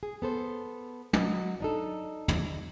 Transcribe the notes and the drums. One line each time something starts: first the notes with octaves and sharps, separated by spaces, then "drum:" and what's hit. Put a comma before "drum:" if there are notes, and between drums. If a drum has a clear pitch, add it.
G#4
B3 A4 C5
F#3 D#5, drum: tom
D4 D#4 A4
drum: tom